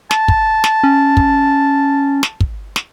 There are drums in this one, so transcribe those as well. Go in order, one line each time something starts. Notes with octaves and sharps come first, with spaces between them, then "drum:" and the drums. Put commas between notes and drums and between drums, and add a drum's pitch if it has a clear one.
A5, drum: snare
drum: kick
drum: snare
C#4
drum: kick
drum: snare
drum: kick
drum: snare